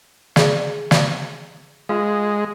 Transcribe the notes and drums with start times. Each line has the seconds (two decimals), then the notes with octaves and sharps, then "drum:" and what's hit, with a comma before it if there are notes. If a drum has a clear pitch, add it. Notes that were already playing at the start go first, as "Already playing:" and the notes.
0.36 G#4 D5, drum: snare
0.91 drum: snare
1.89 G#3 F4 B4 F5